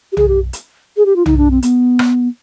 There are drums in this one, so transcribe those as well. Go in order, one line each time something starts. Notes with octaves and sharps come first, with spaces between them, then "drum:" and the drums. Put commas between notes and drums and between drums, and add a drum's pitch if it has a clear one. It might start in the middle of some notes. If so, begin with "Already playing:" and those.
G4
G#4, drum: tom
G4
drum: hi-hat
G#4
G4
F4
D#4, drum: tom
D4
C4
B3, drum: hi-hat
drum: rim click